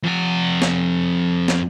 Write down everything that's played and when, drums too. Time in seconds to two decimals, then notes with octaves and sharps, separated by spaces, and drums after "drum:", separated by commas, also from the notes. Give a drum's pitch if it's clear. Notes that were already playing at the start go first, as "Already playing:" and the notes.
0.04 F2 G#5
0.62 drum: snare
1.48 drum: snare